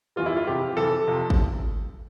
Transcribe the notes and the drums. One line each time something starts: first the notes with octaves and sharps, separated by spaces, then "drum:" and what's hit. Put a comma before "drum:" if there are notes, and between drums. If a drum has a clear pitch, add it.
E2 E3 G3 F4
E4
F4
F2 C3 E3 G4
F2 C3 E3 A4
F2 C3 F3
drum: kick G#1